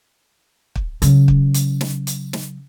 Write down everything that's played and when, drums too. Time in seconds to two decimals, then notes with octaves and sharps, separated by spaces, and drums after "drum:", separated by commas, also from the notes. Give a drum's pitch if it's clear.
0.75 drum: kick
1.02 C#3 F#3, drum: hi-hat
1.28 drum: kick
1.54 drum: hi-hat
1.81 drum: snare
2.07 drum: hi-hat
2.33 drum: snare